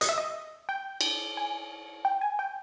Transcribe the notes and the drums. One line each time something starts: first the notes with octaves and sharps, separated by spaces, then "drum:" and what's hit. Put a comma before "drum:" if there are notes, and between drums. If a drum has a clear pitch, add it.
D#5, drum: hi-hat
E5
D#5
G5
drum: cymbal
G#5
G5
G#5
G5